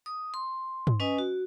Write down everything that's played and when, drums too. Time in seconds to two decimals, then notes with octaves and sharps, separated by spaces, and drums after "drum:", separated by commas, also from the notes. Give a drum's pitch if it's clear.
0.06 D#6
0.34 C6
0.87 drum: tom
1.00 C#4 B4 D#5 G#5 D#6
1.18 F#4